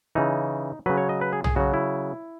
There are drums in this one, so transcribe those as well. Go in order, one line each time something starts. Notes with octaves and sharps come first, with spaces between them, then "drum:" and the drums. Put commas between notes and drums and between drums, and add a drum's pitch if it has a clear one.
C#3 E3 D#4
C#3 F#3 B4
C#5
D#5
B4
G#4
G#4, drum: tom
C#3 F#3 F#4
E4